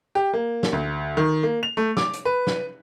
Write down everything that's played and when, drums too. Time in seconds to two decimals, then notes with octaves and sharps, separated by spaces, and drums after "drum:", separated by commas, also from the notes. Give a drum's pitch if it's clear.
0.15 G4
0.33 A#3
0.63 drum: snare
0.73 D2
1.17 D#3
1.43 A#3
1.63 F7
1.77 A3
1.97 D6, drum: snare
2.13 drum: hi-hat
2.25 B4
2.47 drum: snare